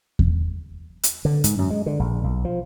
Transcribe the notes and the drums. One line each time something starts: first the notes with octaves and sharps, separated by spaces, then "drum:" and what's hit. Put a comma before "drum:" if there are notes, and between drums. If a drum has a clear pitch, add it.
drum: kick E2
drum: hi-hat
D3
G#2, drum: hi-hat
F#2
G#3
D3
A#1
B1
F3